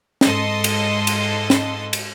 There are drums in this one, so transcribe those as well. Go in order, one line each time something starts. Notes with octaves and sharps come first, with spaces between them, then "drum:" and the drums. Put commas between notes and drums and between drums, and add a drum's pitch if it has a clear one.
G#2 A4 D#5 C6, drum: snare
drum: cymbal
drum: cymbal
drum: snare
drum: cymbal